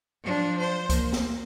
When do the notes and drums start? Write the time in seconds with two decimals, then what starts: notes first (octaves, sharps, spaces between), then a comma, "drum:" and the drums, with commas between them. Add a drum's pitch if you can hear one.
0.24 F3 D4
0.59 C5
0.89 A#3, drum: kick C#2, hi-hat
1.12 drum: snare